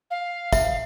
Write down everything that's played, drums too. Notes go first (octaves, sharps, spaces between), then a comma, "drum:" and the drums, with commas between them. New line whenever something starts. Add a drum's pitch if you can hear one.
F5
E5, drum: kick, tambourine